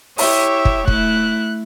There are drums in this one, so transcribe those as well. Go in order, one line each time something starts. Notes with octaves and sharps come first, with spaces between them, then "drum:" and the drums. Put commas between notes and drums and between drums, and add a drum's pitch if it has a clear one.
E4 G4 C#5 E5, drum: open hi-hat
drum: kick
A3 E4 F#6, drum: kick